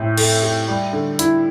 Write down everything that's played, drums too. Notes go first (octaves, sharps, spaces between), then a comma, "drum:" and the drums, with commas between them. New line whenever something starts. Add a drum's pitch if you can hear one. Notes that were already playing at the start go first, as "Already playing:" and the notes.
Already playing: A2 C4
A3, drum: cymbal
G4
G3
D3
E4, drum: hi-hat